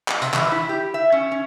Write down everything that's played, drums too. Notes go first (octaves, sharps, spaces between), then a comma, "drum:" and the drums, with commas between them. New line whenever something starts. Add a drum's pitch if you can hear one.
drum: clap
C3, drum: hi-hat
E3, drum: clap
E4
G4
E5
C#4
C#4